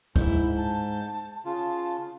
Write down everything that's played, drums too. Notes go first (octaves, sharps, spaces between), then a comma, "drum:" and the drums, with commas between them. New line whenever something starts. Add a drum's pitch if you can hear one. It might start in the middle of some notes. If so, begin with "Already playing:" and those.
G#2 E4 G6, drum: kick D2
A5
C#3 F4 A5